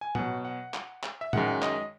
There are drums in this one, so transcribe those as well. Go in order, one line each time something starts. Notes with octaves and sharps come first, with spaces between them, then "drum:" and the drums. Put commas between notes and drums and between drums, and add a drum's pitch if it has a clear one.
G#5
B2 F#3 F#5, drum: tom A2
F#5
drum: clap
drum: clap
E5
F#2 D#3 G#3 F#5, drum: tom A2
D#5, drum: clap